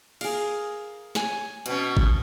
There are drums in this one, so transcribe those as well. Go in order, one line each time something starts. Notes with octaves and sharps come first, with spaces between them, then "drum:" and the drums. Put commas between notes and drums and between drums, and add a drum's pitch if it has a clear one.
G#4 A#4 F5, drum: cymbal
C#5 G#5, drum: snare
B2 B3 C#4, drum: hi-hat
drum: kick G#1